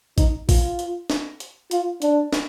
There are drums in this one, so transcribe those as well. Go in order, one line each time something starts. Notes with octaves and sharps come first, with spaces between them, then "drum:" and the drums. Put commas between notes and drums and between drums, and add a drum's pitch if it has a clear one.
D#4, drum: kick A1, hi-hat
F4, drum: kick A1, open hi-hat
drum: hi-hat
drum: snare
drum: hi-hat
F4, drum: hi-hat
D4, drum: hi-hat
drum: snare